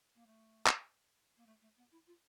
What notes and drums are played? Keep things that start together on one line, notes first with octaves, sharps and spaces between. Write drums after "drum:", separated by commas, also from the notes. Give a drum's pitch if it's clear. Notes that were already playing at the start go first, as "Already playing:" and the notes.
A#3
A3
drum: clap
A#3
A3
A3
B3
E4
F4